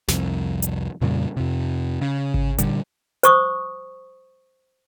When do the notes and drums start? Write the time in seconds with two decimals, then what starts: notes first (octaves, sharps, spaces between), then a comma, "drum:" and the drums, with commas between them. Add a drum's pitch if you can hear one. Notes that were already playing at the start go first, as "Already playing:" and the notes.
0.08 C2 F2, drum: snare
0.62 drum: hi-hat
1.01 F2 A#2 C#3 G3
1.37 F2 C3
2.01 C#3
2.34 drum: kick G#1
2.58 A#2 D3 G3, drum: hi-hat
3.23 C5 C#6 D#6, drum: hi-hat